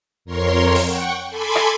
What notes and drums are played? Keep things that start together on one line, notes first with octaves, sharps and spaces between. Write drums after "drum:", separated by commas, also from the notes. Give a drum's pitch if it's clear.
F2 A#4 C#5 C6
drum: open hi-hat
F#5 G5 C#6
A4 G#5 B5 C6 D6 G#6
drum: rim click